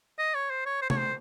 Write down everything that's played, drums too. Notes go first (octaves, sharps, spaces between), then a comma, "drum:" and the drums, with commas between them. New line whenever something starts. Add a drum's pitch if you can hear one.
D#5
C#5
C5
C#5
C5
C#5, drum: tom
C5